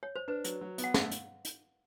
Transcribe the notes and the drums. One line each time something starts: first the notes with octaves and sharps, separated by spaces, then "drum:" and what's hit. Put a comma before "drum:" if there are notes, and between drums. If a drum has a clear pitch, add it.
C#5
C5
D4 B4
F#3, drum: hi-hat
F#3
B3, drum: hi-hat
F#5
A3 F5, drum: snare
drum: hi-hat
drum: hi-hat